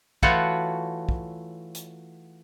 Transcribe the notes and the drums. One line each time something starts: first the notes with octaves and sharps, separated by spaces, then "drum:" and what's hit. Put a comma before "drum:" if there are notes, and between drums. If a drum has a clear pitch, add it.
E3 A3 F4 F#4 C#5, drum: kick
drum: kick
drum: hi-hat